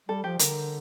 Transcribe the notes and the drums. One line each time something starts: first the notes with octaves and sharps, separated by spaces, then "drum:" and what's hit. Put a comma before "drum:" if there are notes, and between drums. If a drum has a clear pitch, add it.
G3 A4
F3 G4
D3 A#4, drum: hi-hat